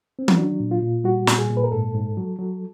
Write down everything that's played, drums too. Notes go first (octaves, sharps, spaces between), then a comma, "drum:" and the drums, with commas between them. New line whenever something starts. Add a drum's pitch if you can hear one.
C4
C#4, drum: tom E3
F#3 D4
A#2
F4
A#2
G3 F#4
A#2, drum: snare
G#4
A#2
B4
A#4
G#2 A4
G#2
F#3
F#3